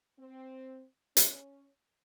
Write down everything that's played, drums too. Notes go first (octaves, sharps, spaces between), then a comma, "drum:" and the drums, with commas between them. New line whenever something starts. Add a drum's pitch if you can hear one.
C4
C#4, drum: hi-hat